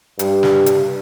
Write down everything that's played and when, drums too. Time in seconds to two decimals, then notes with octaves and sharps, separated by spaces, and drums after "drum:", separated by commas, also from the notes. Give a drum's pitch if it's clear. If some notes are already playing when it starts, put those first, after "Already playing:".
0.19 G2, drum: hi-hat
0.43 drum: snare
0.66 drum: hi-hat